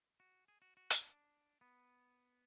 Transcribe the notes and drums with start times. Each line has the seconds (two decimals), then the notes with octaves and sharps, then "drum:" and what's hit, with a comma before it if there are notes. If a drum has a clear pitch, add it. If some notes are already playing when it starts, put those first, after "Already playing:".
0.20 F#4
0.48 G#4
0.62 F#4
0.77 F#4
0.90 D4, drum: hi-hat
1.61 B3